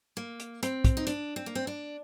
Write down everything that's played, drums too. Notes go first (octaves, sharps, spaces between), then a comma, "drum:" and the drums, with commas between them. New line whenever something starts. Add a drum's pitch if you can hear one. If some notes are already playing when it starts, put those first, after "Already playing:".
A#3
drum: hi-hat
C4, drum: hi-hat
drum: kick, hi-hat
D#4
D4, drum: hi-hat
C4
A#3
C4
D4